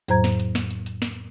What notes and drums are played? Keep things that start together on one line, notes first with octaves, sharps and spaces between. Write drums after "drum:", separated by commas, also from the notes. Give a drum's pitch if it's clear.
F2 A2 F#3 C5 A#5 G#6, drum: hi-hat
drum: snare
drum: hi-hat
drum: snare
drum: hi-hat
drum: hi-hat
drum: snare